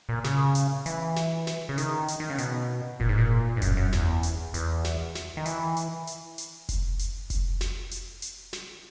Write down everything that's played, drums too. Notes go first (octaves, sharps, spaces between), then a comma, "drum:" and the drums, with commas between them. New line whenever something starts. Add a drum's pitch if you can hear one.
A#2
C#3, drum: snare
drum: hi-hat
E3, drum: hi-hat
drum: snare
drum: snare
C#3
D#3, drum: hi-hat
drum: hi-hat
D#3
C#3
B2, drum: hi-hat
A#2, drum: kick F1
G#2
A#2
G#2
F#2, drum: kick F1, hi-hat
F#2
E2, drum: snare
drum: hi-hat
E2, drum: hi-hat
drum: snare
drum: snare
D#3
E3, drum: hi-hat
drum: hi-hat
drum: hi-hat
drum: hi-hat
drum: kick F1, hi-hat
drum: hi-hat
drum: kick F1, hi-hat
drum: snare
drum: hi-hat
drum: hi-hat
drum: snare